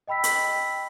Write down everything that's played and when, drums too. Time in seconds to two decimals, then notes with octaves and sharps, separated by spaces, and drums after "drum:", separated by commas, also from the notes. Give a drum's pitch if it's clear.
0.07 D#5 G5 B5 E6 B6
0.24 drum: hi-hat